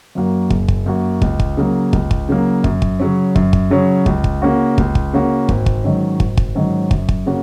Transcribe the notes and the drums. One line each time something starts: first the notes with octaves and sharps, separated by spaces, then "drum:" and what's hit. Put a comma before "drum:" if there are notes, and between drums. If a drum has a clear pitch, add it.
F#2 F#3 A#3 F#4
F#1, drum: kick
drum: kick
F#2 F#3 A#3 F#4
C#2, drum: kick
drum: kick
C#3 F#3 A#3
C#2, drum: kick
drum: kick
C#3 F#3 A#3
F#2, drum: kick
drum: kick
C#3 F#3 C#4
F#2, drum: kick
drum: kick
C#3 F#3 C#4
C#2, drum: kick
drum: kick
C#3 A#3 C#4 F#4
C#2, drum: kick
drum: kick
C#3 A#3 C#4 F#4
G#1, drum: kick
drum: kick
G#2 D#3 F#3 C#4
G#1, drum: kick
drum: kick
G#2 D#3 F#3 C#4
F#2, drum: kick
drum: kick
C#3 A#3 C#4 F#4